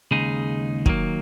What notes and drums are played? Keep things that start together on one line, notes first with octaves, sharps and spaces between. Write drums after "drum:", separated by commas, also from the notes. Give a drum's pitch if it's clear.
D#2 C#3 G#3 D#4 G#4
D#3 F#3 A#3, drum: kick